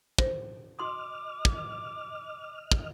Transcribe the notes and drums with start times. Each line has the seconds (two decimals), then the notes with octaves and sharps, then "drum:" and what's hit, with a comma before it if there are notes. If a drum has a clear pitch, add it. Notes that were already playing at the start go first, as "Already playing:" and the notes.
0.18 C5, drum: kick
0.79 F#4 D#5 C6 D6 D#6 F6
1.45 drum: kick
2.72 drum: kick